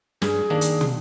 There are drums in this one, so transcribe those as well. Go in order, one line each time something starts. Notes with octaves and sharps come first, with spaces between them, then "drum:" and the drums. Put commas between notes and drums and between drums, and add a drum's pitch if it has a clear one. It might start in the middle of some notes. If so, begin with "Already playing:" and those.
G2 G#4 G#5, drum: snare
D#3 A#3 D4
drum: hi-hat
drum: tom